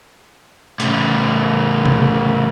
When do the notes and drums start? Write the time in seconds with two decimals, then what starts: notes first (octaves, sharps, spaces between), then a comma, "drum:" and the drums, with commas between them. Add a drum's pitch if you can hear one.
0.80 A2 C#3, drum: hi-hat
1.85 drum: tom C3